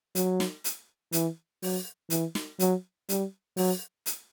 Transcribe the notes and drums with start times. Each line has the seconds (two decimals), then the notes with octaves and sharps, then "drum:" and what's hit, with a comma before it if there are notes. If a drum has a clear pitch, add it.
0.15 F#3, drum: hi-hat
0.40 drum: snare
0.64 drum: hi-hat
1.13 E3, drum: hi-hat
1.62 F#3, drum: open hi-hat
2.10 E3, drum: hi-hat
2.35 drum: snare
2.59 F#3, drum: hi-hat
3.09 G3, drum: hi-hat
3.57 F#3, drum: open hi-hat
4.06 drum: hi-hat